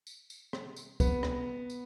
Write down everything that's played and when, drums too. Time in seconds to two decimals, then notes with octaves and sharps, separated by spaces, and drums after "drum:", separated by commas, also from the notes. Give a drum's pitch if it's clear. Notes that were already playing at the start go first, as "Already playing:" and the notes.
0.07 drum: tambourine
0.30 drum: tambourine
0.53 drum: rim click
0.77 drum: tambourine
1.00 B3, drum: kick, tambourine
1.23 drum: rim click
1.70 drum: tambourine